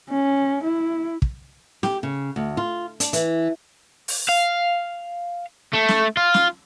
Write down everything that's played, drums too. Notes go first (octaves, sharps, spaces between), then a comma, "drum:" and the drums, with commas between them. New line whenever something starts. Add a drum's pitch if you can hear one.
C#4
E4
drum: kick
G4, drum: snare
C#3
D2
F4
D4, drum: hi-hat
E3, drum: hi-hat
drum: open hi-hat
F5
A3
drum: snare
F4
drum: snare